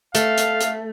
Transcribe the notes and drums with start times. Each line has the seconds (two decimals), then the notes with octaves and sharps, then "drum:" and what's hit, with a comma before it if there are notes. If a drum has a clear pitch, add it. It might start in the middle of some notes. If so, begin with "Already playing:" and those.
0.15 A3 F5, drum: hi-hat
0.37 drum: hi-hat
0.60 drum: hi-hat